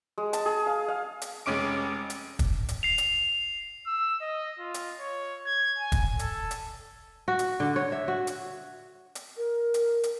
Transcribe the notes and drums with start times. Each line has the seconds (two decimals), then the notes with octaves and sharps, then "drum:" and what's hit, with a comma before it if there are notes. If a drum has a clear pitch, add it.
0.18 G#3
0.33 A5, drum: hi-hat
0.46 G#4
0.67 F5
0.88 F5
1.22 drum: hi-hat
1.46 F1 G#3 C#4 D6 D7
2.10 drum: hi-hat
2.39 drum: kick, hi-hat
2.69 drum: hi-hat
2.83 C7 F7
2.98 drum: hi-hat
3.86 E6
4.21 D#5
4.59 F4
4.74 drum: hi-hat
4.99 C#5
5.46 G#6
5.78 G#5
5.92 drum: kick, hi-hat
6.19 A4, drum: hi-hat
6.51 drum: hi-hat
7.28 F#4
7.39 drum: hi-hat
7.60 D3
7.76 C#5
7.92 E5
8.08 F#4
8.27 drum: hi-hat
9.15 drum: hi-hat
9.37 A#4
9.74 drum: hi-hat
10.03 drum: hi-hat